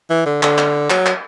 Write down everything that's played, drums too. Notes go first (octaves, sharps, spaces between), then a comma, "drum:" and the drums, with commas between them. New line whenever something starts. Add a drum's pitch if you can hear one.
E3
D3
D3, drum: clap
drum: clap
F#3, drum: clap
drum: clap